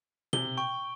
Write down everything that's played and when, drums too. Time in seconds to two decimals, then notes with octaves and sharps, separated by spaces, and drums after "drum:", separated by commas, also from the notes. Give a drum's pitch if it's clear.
0.33 C3 G7, drum: tom B2
0.58 G5 C#6